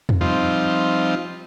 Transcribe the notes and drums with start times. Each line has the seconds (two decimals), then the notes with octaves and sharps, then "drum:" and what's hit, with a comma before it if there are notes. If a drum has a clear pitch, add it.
0.09 drum: tom E2
0.21 F3 G3 C4 D#4 F4